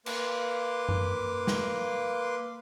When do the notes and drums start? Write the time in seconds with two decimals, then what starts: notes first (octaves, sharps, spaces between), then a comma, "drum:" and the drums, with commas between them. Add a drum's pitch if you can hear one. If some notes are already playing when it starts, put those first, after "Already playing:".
0.06 A#3 B4 F5 C6 D6, drum: cymbal
0.89 drum: tom F#2
1.47 drum: snare